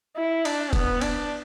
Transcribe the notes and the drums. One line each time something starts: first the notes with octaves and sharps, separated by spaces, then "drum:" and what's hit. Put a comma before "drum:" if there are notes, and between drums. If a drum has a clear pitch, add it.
E4
D4, drum: cymbal
B3, drum: kick, cymbal
D4, drum: cymbal